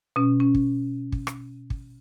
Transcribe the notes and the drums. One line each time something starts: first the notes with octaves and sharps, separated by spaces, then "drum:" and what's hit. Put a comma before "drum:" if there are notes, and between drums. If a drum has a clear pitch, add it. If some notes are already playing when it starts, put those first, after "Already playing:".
B2 C#4
C#4
drum: kick
drum: kick
drum: rim click
drum: kick